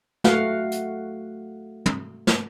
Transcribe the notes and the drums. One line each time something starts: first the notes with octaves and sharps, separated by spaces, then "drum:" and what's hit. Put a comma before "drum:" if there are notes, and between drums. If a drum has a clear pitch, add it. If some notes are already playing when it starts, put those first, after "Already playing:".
A3 F#4 F5 F#5, drum: snare
drum: hi-hat
drum: tom
drum: snare